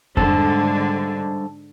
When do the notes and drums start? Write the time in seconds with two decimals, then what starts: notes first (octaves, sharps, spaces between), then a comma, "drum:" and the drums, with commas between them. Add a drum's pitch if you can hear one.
0.17 G#2 D3 G3 D4 A4 C5, drum: kick F2